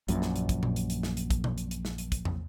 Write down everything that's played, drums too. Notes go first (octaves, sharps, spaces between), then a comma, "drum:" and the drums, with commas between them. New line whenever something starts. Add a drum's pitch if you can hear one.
A#1 F#2 A#2, drum: hi-hat
drum: snare
drum: hi-hat
drum: kick, hi-hat
drum: tom A#2
drum: hi-hat
drum: hi-hat
drum: snare
drum: hi-hat
drum: kick, hi-hat
drum: tom A#2
drum: hi-hat
drum: hi-hat
drum: snare
drum: hi-hat
drum: kick, hi-hat
drum: tom